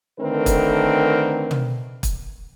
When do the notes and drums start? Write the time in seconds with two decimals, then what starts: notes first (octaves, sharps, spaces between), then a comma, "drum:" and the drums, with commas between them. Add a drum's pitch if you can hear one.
0.20 D3 D#3 A3 C4 A#4 B4
0.46 drum: kick, hi-hat
1.51 drum: tom
2.03 drum: kick, hi-hat